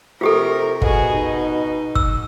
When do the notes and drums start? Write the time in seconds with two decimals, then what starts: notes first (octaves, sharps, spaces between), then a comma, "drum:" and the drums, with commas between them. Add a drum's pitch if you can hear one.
0.21 C3 F4 G4 A4 A#4
0.82 B2 F#4 G#4, drum: kick G1
1.13 D#4
1.95 E6, drum: kick G1